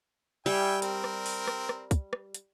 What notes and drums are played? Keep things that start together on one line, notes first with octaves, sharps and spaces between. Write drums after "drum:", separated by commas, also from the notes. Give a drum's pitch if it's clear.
G3 E5 G5 G#5
C4 A#4, drum: hi-hat
drum: rim click
drum: open hi-hat
drum: rim click
drum: rim click
drum: kick, hi-hat
drum: rim click
drum: hi-hat